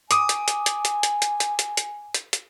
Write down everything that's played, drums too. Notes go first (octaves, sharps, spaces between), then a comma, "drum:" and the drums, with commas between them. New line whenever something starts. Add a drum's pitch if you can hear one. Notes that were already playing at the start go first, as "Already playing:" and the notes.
G#5 D6 D#6, drum: hi-hat
drum: hi-hat
drum: hi-hat
drum: hi-hat
drum: hi-hat
drum: hi-hat
drum: hi-hat
drum: hi-hat
drum: hi-hat
drum: hi-hat
drum: hi-hat
drum: hi-hat